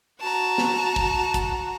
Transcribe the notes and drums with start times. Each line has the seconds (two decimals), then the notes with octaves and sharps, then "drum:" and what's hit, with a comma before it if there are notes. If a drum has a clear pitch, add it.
0.20 F#4 A5 A#5
0.58 drum: snare
0.96 drum: kick
1.34 drum: kick, hi-hat